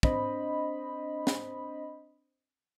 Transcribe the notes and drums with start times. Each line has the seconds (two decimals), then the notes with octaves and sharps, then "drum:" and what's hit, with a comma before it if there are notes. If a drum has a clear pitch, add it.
0.03 C4 D4 C5 D#5 B5, drum: kick
1.27 drum: snare